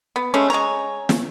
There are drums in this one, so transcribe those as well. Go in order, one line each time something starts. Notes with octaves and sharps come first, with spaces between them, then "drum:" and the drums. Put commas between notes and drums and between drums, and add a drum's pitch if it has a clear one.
B3
G#3 A3 C#4
G#3 C#5 G#5 A#5
drum: snare